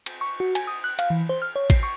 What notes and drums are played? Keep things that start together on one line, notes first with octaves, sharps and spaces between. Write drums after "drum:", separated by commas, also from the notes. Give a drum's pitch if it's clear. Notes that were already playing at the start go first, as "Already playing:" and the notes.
drum: cymbal
C#6
F#4
G#5, drum: cymbal
D#6
F#6
F5, drum: cymbal
E3
C5
F6
C#5
C7, drum: kick A1, cymbal
C#6